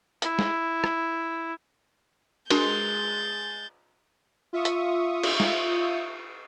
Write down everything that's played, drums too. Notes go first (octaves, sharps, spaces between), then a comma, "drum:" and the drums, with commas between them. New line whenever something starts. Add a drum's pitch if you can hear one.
E4, drum: hi-hat
drum: snare
drum: rim click
G#3 D4 F#4 A#4 G6 A6, drum: cymbal
F4 E5 C#6 D#6
drum: hi-hat
drum: cymbal
drum: snare